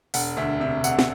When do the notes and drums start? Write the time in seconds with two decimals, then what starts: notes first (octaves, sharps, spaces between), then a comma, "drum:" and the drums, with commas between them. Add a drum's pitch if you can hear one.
0.14 E1 F#5, drum: open hi-hat
0.37 D2 E5
0.60 C3 E5
0.84 E1 F#5, drum: tambourine
0.99 F#5, drum: snare